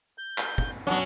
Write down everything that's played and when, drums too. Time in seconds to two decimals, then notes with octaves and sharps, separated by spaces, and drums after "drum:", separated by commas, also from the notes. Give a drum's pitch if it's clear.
0.18 G6
0.38 drum: clap
0.58 drum: kick
0.87 F#3 B3 C#4 D4